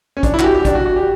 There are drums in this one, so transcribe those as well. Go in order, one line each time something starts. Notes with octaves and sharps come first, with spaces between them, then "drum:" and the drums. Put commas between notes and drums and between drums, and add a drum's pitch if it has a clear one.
C#4
D4, drum: kick, hi-hat
E4
F#4, drum: clap
G4
G4
D4, drum: kick, hi-hat
F#4
F#4
G4